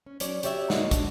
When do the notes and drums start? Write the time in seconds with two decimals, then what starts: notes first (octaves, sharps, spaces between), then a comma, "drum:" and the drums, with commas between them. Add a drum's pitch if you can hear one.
0.06 C#4
0.20 F#3 C#4 C#5 D5, drum: hi-hat
0.43 F#4 G4 C#5 D5 E5, drum: hi-hat
0.70 D2 A2 A#3 F#4 D#5 F#5, drum: snare
0.91 D4, drum: kick, hi-hat